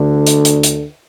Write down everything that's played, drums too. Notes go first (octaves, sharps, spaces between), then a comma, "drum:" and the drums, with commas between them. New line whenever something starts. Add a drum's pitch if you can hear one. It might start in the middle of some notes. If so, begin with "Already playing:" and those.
Already playing: D2 D3
drum: hi-hat
drum: hi-hat
drum: hi-hat